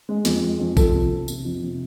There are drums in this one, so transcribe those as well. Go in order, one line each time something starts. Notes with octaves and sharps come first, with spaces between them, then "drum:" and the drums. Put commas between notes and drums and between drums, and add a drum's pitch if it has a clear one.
G#3
F2, drum: snare
G#3
F2
F3 A4, drum: kick A#1, tambourine
C3
C3
C3, drum: tambourine
F2
C3